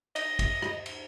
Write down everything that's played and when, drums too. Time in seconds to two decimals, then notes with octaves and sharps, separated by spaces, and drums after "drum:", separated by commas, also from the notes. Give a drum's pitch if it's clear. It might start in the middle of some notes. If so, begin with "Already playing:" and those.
0.16 D#5, drum: cymbal
0.39 drum: kick, cymbal
0.62 drum: rim click
0.86 drum: cymbal